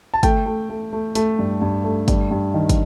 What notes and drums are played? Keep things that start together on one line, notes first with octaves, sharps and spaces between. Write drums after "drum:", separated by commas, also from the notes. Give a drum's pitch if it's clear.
A5
A3 G5, drum: kick, hi-hat
A3
A3
A3
A3, drum: hi-hat
G2
G2
A3
G2, drum: kick, hi-hat
G2
D#3
drum: kick, hi-hat